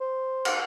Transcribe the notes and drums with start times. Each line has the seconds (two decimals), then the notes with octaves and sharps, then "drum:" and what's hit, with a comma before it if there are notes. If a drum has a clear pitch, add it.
0.01 C5
0.45 drum: cymbal